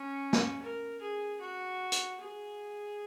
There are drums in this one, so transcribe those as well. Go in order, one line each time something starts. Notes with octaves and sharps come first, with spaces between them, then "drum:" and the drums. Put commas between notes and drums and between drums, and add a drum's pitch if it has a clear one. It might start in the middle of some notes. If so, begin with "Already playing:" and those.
Already playing: C#4
drum: snare
A#4
G#4
F#4
drum: hi-hat
G#4